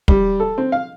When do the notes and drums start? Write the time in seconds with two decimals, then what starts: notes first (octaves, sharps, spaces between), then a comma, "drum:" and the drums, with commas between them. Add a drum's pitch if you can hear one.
0.08 G3, drum: kick
0.40 A4
0.58 C4
0.72 F5